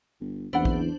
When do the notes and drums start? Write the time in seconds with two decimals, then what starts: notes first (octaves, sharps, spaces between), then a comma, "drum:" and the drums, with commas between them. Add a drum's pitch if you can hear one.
0.20 G1
0.53 F#1 E2 D4 E4 C5 F#5 F#7
0.65 drum: kick A#1